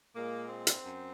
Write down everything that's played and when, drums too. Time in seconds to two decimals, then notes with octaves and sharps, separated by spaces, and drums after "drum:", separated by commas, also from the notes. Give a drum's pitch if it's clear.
0.16 A#2 G#3 A#3
0.49 C4
0.67 drum: hi-hat
0.84 F#2